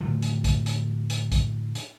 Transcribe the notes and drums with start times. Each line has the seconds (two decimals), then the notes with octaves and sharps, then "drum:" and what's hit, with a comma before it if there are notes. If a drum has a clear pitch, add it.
0.01 A2 D3 F3
0.22 drum: hi-hat
0.44 drum: kick A#1, hi-hat
0.66 drum: hi-hat
1.10 drum: hi-hat
1.32 drum: kick A#1, hi-hat
1.75 drum: hi-hat